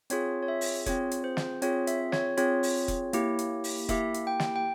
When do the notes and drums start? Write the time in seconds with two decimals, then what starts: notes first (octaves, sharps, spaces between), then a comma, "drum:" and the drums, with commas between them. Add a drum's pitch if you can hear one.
0.10 C4 F4 G#4 C#5, drum: hi-hat
0.43 C#5
0.48 E5
0.61 drum: open hi-hat
0.86 C4 F4 G#4 C#5, drum: kick F1, hi-hat
1.11 drum: hi-hat
1.24 C5
1.37 drum: snare
1.62 C4 F4 G#4 C#5, drum: hi-hat
1.87 E5, drum: hi-hat
2.12 C#5, drum: snare
2.37 C4 F4 G#4 C#5, drum: hi-hat
2.63 drum: open hi-hat
2.88 drum: kick F1, hi-hat
3.13 A#3 E4 G4, drum: hi-hat
3.39 drum: hi-hat
3.64 drum: open hi-hat
3.89 A#3 E4 G4 E5, drum: kick F1, hi-hat
4.14 drum: hi-hat
4.27 G5
4.40 drum: snare
4.56 G5